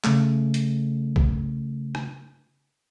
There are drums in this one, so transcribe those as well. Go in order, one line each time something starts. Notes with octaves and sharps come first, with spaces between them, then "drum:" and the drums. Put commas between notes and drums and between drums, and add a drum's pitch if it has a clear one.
C#3 A3, drum: clap
drum: hi-hat
drum: kick B1
drum: rim click